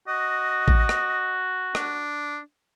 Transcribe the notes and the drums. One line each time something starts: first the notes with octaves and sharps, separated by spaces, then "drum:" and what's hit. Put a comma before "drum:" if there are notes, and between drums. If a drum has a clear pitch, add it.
F#4 D#5
drum: kick A1
drum: rim click
D4, drum: rim click